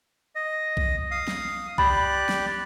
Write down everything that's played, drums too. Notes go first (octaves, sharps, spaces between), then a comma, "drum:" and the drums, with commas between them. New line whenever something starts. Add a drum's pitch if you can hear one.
D#5
drum: kick B1
F5 D#6
drum: snare
G4 D5 B5 F#6, drum: kick B1
drum: snare